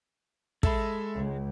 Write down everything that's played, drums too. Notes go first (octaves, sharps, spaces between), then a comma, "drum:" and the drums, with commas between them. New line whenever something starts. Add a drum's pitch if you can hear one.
G#3 A4 E5 B5, drum: kick
C#2